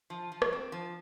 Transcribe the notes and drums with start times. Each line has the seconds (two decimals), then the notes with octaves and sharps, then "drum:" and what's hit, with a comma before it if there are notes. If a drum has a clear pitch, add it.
0.10 F3
0.32 F3
0.42 drum: rim click
0.53 C4
0.72 F3